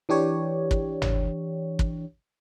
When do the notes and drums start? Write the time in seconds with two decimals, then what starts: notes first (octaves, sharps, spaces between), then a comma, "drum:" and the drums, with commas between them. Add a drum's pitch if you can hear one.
0.09 E3 D4 G4 C#5
0.71 drum: kick
1.02 drum: tom
1.79 drum: kick